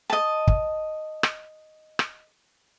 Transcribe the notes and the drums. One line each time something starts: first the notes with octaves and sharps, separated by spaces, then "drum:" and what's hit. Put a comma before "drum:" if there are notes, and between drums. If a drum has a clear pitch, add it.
D#5 A5
drum: kick
drum: rim click
drum: rim click